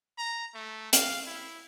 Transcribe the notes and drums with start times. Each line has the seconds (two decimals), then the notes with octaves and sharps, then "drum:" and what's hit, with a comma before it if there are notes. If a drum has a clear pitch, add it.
0.18 A#5
0.55 A3
0.93 F5, drum: hi-hat
1.27 E4